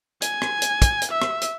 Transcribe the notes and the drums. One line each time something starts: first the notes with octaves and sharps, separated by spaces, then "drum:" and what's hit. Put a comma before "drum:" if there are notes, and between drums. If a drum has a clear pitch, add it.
G#5, drum: hi-hat
drum: rim click
drum: hi-hat
drum: kick, hi-hat
drum: hi-hat
E5
drum: rim click
drum: hi-hat